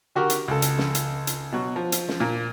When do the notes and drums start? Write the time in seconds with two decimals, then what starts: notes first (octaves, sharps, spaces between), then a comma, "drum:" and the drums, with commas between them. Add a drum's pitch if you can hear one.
0.15 D3 F#4 G4 A#4
0.30 drum: hi-hat
0.48 C#2 A4
0.62 drum: hi-hat
0.78 drum: snare
0.95 drum: hi-hat
1.27 drum: hi-hat
1.52 B2 F#3
1.76 F3
1.92 drum: hi-hat
2.08 drum: snare
2.20 A#2 A#3